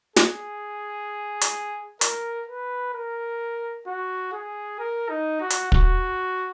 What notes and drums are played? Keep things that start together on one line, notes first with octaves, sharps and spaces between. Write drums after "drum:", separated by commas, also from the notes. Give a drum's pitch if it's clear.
G#4, drum: snare
drum: hi-hat
A#4, drum: hi-hat
B4
A#4
F#4
G#4
A#4
D#4
F#4
drum: hi-hat
F#4, drum: kick